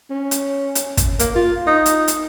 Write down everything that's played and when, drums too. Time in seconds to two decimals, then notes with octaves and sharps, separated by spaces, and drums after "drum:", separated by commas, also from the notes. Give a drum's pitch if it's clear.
0.10 C#4
0.31 drum: hi-hat
0.75 drum: hi-hat
0.97 drum: kick, hi-hat
1.19 A#3, drum: hi-hat
1.35 F4
1.67 D#4
1.86 drum: hi-hat
2.08 drum: hi-hat